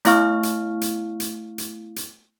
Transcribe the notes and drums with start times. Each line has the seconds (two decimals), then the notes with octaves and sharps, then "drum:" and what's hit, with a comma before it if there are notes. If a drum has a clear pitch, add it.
0.05 A3 B3 E4 F5 C#6 F6, drum: hi-hat
0.43 drum: hi-hat
0.81 drum: hi-hat
1.20 drum: hi-hat
1.58 drum: hi-hat
1.96 drum: hi-hat